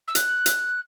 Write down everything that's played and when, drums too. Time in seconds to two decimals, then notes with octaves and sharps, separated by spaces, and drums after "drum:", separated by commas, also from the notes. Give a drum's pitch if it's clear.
0.07 E6
0.15 F#6, drum: hi-hat
0.46 drum: hi-hat